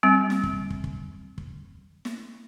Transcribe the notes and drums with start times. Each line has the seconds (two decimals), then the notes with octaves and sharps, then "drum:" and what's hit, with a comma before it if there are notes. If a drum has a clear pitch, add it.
0.03 G3 C4
0.30 drum: snare
0.43 drum: kick
0.70 drum: kick
0.84 drum: kick
1.38 drum: kick
2.05 drum: snare